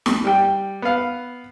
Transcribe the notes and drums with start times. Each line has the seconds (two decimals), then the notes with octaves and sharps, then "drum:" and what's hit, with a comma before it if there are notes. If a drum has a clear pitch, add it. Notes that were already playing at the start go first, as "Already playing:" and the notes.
0.06 drum: snare
0.24 G3 G5
0.82 B3 F5